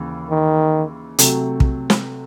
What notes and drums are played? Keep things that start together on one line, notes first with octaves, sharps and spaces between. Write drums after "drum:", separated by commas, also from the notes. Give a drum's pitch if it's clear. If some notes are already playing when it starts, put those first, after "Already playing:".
Already playing: D#2 C#3 E3
D#3
C3 F#3 A3, drum: hi-hat
drum: kick
drum: snare